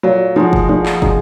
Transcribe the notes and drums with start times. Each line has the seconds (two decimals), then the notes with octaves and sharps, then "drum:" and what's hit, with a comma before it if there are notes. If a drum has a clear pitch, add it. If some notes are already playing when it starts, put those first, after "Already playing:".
0.03 A#2 F#3
0.36 F3 G#3 D#4 F#4
0.53 drum: kick
0.69 A#2 F3
0.86 drum: clap
1.02 G#3 D#4 F#4, drum: kick